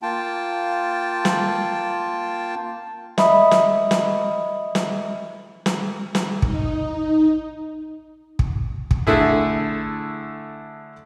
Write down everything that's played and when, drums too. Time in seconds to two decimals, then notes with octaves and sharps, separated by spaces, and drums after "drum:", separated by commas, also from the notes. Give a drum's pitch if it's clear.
0.02 A#3 F4 G5 A5
1.25 drum: snare
3.18 D#5 E5 B5 D#6, drum: snare
3.51 drum: snare
3.91 drum: snare
4.75 drum: snare
5.66 drum: snare
6.15 drum: snare
6.42 D#4, drum: kick
8.39 drum: kick
8.91 drum: kick
9.07 D3 A3 E4 G#4